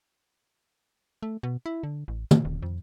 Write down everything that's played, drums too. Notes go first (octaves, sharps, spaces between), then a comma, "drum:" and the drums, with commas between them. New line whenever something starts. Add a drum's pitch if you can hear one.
A3
B2
E4
D3
A1
C#3, drum: tom
D#1
F2